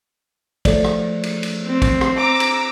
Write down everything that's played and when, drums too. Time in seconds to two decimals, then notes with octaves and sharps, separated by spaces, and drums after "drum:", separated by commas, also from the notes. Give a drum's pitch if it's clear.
0.65 F3 A3 A4 C#5 D5, drum: kick, cymbal
0.85 drum: rim click
1.23 drum: cymbal
1.43 drum: cymbal
1.66 C4
1.82 drum: kick, cymbal
2.01 drum: rim click
2.17 A#5 D6 E6
2.40 drum: cymbal